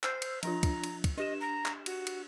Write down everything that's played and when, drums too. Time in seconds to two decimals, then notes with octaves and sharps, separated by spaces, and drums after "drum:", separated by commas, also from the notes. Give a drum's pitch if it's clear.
0.04 C5 E6 F6 G6, drum: clap
0.22 drum: cymbal
0.43 F3 D4 F4 A#5, drum: cymbal
0.63 drum: kick, cymbal
0.84 drum: cymbal
1.04 drum: kick, cymbal
1.17 D4 G4 D#5 E7
1.40 A#5
1.66 drum: clap
1.86 F#4, drum: cymbal
2.07 drum: cymbal